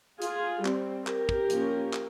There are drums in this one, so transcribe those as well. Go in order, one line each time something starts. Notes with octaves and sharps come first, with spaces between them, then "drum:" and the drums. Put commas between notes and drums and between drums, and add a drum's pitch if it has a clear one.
F4 G#4, drum: hi-hat
G3 C4, drum: clap
G4 A#4, drum: clap
drum: kick
F3 A#3 C#4, drum: hi-hat
drum: clap